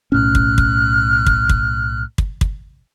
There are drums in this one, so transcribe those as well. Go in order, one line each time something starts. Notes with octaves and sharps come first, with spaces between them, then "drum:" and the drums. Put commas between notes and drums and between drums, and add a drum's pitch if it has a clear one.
B1 A2 C#4 F6 F#6
drum: kick
drum: kick
drum: kick
drum: kick
drum: kick
drum: kick